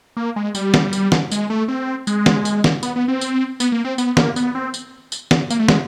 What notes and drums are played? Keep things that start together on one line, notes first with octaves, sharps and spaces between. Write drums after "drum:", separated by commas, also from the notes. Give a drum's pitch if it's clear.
A#3
G#3
G3, drum: tambourine
drum: snare
drum: tambourine
drum: snare
G#3, drum: tambourine
A3
C4
G#3, drum: tambourine
drum: snare
drum: tambourine
drum: snare
B3, drum: tambourine
B3
C4
drum: tambourine
B3, drum: tambourine
A#3
C4
B3, drum: tambourine
A#3, drum: snare
B3, drum: tambourine
C4
drum: tambourine
drum: tambourine
drum: snare
A#3, drum: tambourine
A3
G#3, drum: snare